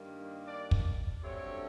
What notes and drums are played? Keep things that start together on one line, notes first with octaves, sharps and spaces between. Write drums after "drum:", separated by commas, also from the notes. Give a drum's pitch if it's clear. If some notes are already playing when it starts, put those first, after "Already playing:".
Already playing: G2 D#3 G3 A#3
D4 D5
drum: kick
G2 D3 F#3 A3 C4 C#4 C#5